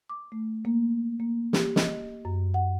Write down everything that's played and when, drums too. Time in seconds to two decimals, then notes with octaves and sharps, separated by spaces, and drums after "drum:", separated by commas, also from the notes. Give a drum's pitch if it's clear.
0.10 D6
0.32 A3
0.65 A#3
1.20 A#3
1.53 G4, drum: snare
1.76 D#5, drum: snare
2.25 F#2
2.54 F#5